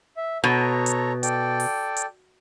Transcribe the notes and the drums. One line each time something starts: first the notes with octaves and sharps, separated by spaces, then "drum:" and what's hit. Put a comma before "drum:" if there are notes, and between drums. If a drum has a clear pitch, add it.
E5
B2 A4 C#5 A#5
drum: hi-hat
A4 D5 G5, drum: hi-hat
drum: open hi-hat
drum: hi-hat